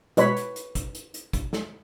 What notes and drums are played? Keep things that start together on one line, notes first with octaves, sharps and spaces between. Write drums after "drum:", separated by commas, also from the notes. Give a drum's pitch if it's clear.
B2 G#3 B4 C#5 B5, drum: hi-hat
drum: hi-hat
drum: hi-hat
drum: kick, hi-hat
drum: hi-hat
drum: hi-hat
drum: kick, hi-hat
drum: snare